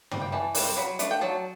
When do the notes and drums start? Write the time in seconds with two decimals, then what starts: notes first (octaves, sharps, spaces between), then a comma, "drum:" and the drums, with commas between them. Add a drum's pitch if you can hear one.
0.11 G3 C4, drum: tom
0.21 G5
0.32 E3 A5
0.55 G3 C4, drum: open hi-hat
0.77 F#3 B5
0.99 A3 D4, drum: hi-hat
1.11 G5
1.21 F#3 A5